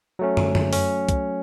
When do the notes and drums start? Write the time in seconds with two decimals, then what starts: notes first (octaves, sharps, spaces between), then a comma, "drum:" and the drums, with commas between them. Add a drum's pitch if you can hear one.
0.19 F#3 A3 C#4
0.37 drum: tom
0.55 drum: tom
0.73 C#4, drum: open hi-hat
1.09 drum: kick, hi-hat